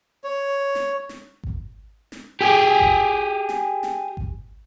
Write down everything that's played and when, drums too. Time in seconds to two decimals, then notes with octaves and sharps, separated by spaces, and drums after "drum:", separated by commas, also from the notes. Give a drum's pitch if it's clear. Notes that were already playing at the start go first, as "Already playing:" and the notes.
0.24 C#5
0.75 drum: snare
1.09 drum: snare
1.44 drum: kick G#1
2.12 drum: snare
2.41 G4 G#4
2.80 drum: kick G#1
3.49 drum: snare
3.83 drum: snare
4.17 drum: kick G#1